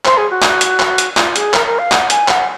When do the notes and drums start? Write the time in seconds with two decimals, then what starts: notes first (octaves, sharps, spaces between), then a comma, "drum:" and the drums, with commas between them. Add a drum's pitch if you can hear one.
0.05 C5, drum: clap
0.17 G#4
0.31 F#4
0.42 drum: clap
0.61 drum: hi-hat
0.80 drum: clap
0.98 drum: hi-hat
1.17 F4, drum: clap
1.36 G#4, drum: hi-hat
1.54 A#4, drum: clap
1.66 A#4
1.79 F5
1.92 F#5, drum: clap
2.10 G#5, drum: hi-hat
2.28 F#5, drum: clap